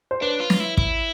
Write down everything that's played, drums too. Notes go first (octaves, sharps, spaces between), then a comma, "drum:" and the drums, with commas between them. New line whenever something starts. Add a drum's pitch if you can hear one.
C5
D4 B4 C#5
F4
drum: snare
E4
E4, drum: kick